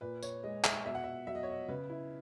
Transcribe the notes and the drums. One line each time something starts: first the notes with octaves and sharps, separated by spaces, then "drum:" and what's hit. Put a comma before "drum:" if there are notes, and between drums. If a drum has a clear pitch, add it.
A#2 B4
C#5, drum: tambourine
G#3 D#5
E5, drum: clap
B2 E5
F#5
E5
F#3 E5
D#5
C#5
D#5
C#3 B4
E4